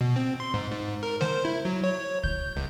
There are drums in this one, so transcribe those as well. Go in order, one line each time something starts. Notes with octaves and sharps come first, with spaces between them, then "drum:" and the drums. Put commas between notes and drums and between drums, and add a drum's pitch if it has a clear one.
B2
C4
C6
G#2
G#2
A#4
C5, drum: snare G#3
E4
F#3
C#5
G6, drum: kick C#2
C#2